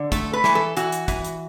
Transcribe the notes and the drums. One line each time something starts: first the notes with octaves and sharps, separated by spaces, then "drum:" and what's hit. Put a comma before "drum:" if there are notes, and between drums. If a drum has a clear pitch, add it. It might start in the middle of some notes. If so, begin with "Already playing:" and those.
Already playing: D3
A3 A4, drum: kick, hi-hat
B4
E3, drum: snare
A4
E3 F#4, drum: hi-hat
drum: hi-hat
E3, drum: kick, hi-hat
drum: hi-hat